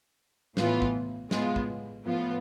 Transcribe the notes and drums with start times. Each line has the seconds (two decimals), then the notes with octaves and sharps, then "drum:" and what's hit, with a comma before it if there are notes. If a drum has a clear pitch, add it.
0.57 A2 E3 B3 F4, drum: snare
0.82 drum: kick
1.31 A2 G#3 B3 F4, drum: snare
1.56 drum: kick
2.06 A2 F3 B3 F4